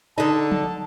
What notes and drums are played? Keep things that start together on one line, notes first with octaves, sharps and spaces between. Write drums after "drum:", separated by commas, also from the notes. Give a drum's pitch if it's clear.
D3 D#4 A5
drum: tom F3